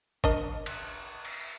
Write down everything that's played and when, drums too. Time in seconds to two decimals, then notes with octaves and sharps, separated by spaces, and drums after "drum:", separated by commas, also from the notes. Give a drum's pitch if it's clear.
0.24 D4 A#4 D#5, drum: kick G1
0.66 drum: cymbal
1.25 drum: cymbal